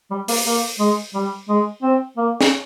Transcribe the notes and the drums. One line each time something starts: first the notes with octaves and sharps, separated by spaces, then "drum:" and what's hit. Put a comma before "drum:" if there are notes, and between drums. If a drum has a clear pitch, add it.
G3
A#3, drum: open hi-hat
A#3
G#3
G3
G#3
C4
A#3
drum: snare